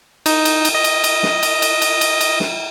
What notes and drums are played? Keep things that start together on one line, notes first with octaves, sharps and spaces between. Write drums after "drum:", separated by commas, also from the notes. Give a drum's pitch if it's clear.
D#4, drum: cymbal
drum: cymbal
drum: cymbal
D#5
drum: cymbal
drum: cymbal
drum: snare
drum: cymbal
drum: cymbal
drum: cymbal
drum: cymbal
drum: cymbal
drum: snare